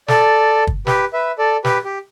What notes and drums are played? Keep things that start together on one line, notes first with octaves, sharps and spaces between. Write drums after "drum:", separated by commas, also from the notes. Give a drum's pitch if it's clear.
A4 D5, drum: snare
drum: kick
G4 B4, drum: snare
B4 E5
A4 D5
G4 B4, drum: snare
G4